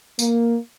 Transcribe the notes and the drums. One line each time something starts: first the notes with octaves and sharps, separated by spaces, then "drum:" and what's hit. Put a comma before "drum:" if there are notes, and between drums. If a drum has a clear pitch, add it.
A#3, drum: tambourine